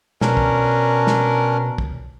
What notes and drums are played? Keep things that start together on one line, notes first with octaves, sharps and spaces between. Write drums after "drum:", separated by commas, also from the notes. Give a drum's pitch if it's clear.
B2 C#4 D4 A#4, drum: snare
drum: kick
drum: snare
drum: kick